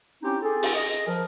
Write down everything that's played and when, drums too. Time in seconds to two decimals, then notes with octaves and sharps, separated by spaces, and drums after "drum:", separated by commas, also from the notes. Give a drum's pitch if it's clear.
0.23 C4 C#4 D#4 E4 G4
0.42 C4 G#4 A4
0.63 drum: open hi-hat
0.73 G#4 D#5
1.07 F3 A#4